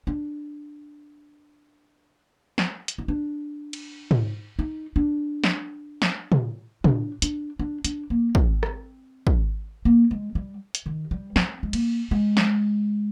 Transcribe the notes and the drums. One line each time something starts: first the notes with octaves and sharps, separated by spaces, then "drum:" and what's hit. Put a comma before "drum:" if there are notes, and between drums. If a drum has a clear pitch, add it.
D4
drum: snare
drum: hi-hat
D#4
D4
drum: cymbal
drum: tom
D#4
D4
drum: snare
drum: snare
drum: tom
D4, drum: tom
D4, drum: hi-hat
D4
D4, drum: hi-hat
A#3
C4, drum: kick
drum: rim click
drum: kick
A#3
G#3
G3
drum: hi-hat
D#3
G3
C4, drum: snare
G#3
A#3, drum: cymbal
G#3
drum: snare